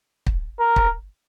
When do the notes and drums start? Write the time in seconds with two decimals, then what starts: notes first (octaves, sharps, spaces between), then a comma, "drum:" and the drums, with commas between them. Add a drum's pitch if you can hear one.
0.27 drum: kick
0.60 A#4
0.76 drum: kick